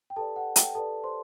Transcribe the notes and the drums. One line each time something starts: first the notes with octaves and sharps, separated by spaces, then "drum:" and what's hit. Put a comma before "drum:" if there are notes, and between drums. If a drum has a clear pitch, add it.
G5
G4 A4 B4 D5 A5
F#5
G5, drum: hi-hat
G4 A4 B4 D5 A5
C5 C6